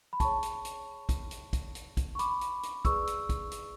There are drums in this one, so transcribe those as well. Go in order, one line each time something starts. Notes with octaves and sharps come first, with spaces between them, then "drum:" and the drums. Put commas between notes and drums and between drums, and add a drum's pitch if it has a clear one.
B5
G#4 C#5 A5 C#6, drum: kick, hi-hat
drum: hi-hat
drum: hi-hat
drum: kick, hi-hat
drum: hi-hat
drum: kick, hi-hat
drum: hi-hat
drum: kick, hi-hat
C#6
B5 D6, drum: hi-hat
drum: hi-hat
drum: hi-hat
G#4 B4 D5 C#6 E6, drum: kick, hi-hat
drum: hi-hat
drum: kick, hi-hat
drum: hi-hat